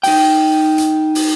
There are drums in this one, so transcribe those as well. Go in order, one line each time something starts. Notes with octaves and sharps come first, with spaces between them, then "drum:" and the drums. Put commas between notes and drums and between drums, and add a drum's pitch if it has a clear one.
D#4 G5, drum: open hi-hat
drum: hi-hat
drum: open hi-hat